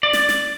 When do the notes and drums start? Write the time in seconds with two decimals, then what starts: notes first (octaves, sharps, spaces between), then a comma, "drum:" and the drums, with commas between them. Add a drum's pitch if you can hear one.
0.03 D5
0.13 drum: snare
0.29 drum: snare